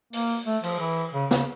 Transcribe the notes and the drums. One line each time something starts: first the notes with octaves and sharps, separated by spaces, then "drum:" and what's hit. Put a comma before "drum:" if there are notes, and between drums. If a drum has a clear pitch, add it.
A#3, drum: open hi-hat
A3
F3, drum: cymbal
E3
C#3
C#3, drum: snare